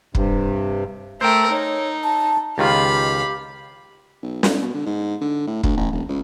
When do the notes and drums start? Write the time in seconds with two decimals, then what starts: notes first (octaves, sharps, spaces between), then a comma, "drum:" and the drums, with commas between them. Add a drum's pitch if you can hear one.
0.15 G2 C3, drum: kick
1.21 A3 A#4 C5 G5 E6
1.51 D#4 C#5
2.03 A5
2.58 C#2 D#3 F4 G4 F5 B5
4.22 B1
4.43 C2, drum: snare
4.61 B2
4.74 D3
4.86 G#2
5.21 D3
5.47 A2
5.63 D2, drum: kick
5.77 A1
5.92 E1
6.09 C#2